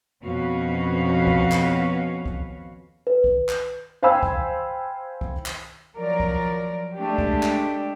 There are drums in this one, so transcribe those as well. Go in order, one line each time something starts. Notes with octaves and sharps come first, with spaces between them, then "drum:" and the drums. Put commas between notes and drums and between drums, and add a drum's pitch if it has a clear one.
F2 B2 C#4 F#4 B4 F5
drum: kick C2
drum: clap
drum: kick C2
B4
drum: kick C2
drum: clap
C5 F5 G5 G#5 B5 E6
drum: kick C2
drum: kick C2
drum: clap
F3 F#3 A#4 D5
drum: kick C2
G#3 A3 D4 G4
drum: kick C2
drum: clap